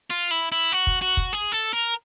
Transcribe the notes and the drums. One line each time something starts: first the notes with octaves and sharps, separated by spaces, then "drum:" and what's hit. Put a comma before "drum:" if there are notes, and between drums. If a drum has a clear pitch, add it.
F4
E4
E4
F#4
drum: kick
F#4
drum: kick
G#4
A4
A#4